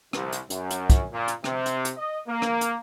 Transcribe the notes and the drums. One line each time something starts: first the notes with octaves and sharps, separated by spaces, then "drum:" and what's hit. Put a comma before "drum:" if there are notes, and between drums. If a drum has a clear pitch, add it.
C2, drum: rim click
drum: hi-hat
F#2, drum: hi-hat
drum: hi-hat
drum: kick, hi-hat
A#2
drum: hi-hat
C3, drum: rim click
drum: hi-hat
drum: hi-hat
D#5
A#3
drum: rim click
drum: hi-hat